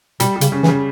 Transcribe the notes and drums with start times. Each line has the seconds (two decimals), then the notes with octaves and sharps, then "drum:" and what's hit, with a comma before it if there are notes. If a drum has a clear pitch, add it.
0.20 B2 G3, drum: hi-hat
0.36 G3
0.41 C#3, drum: hi-hat
0.52 C#3
0.63 E3, drum: snare
0.68 C#3